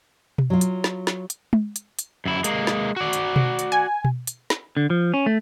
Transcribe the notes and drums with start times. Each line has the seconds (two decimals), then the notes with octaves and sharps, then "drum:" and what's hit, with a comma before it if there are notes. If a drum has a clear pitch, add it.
0.38 drum: tom B2
0.50 F#3 F4
0.61 drum: hi-hat
0.84 drum: snare
1.07 drum: snare
1.30 drum: hi-hat
1.53 drum: tom G#3
1.76 drum: hi-hat
1.99 drum: hi-hat
2.26 F#2 E4
2.44 G#3 A#3, drum: hi-hat
2.67 drum: snare
2.96 F#4 D5
3.13 drum: hi-hat
3.36 drum: tom B2
3.59 drum: hi-hat
3.72 G#5
4.05 drum: tom B2
4.27 drum: hi-hat
4.50 drum: snare
4.77 D3
4.90 F3
5.14 C#4
5.26 A3